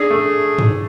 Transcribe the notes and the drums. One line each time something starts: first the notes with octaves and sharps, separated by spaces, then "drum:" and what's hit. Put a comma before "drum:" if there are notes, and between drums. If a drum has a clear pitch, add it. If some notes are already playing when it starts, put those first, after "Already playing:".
Already playing: D4 G#4
A3
drum: tom